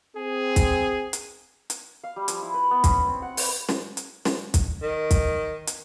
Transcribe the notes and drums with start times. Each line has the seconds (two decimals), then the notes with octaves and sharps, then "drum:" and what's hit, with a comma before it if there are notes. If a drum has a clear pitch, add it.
0.15 C4 G#4
0.56 drum: kick, hi-hat
1.13 drum: hi-hat
1.70 drum: hi-hat
2.03 F5
2.16 G3
2.28 F3, drum: hi-hat
2.42 E4
2.54 B4
2.71 B3
2.84 C#4, drum: kick, hi-hat
3.07 C4
3.22 F#5
3.37 B4, drum: open hi-hat
3.69 drum: snare
3.97 drum: hi-hat
4.25 drum: snare
4.54 drum: kick, hi-hat
4.82 D#3
5.11 drum: kick, hi-hat
5.67 drum: hi-hat